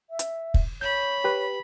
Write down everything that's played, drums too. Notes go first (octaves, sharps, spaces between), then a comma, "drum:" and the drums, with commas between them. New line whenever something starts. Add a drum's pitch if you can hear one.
E5
drum: hi-hat
drum: kick
C#5 B5 G6
G4 B4